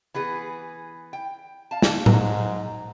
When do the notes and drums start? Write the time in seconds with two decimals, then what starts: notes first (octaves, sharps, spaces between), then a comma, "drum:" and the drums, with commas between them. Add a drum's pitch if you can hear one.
0.14 E3 B3 G#4
1.13 G5
1.71 F5 A5
1.82 drum: snare
2.06 G#2 F#3, drum: tom A2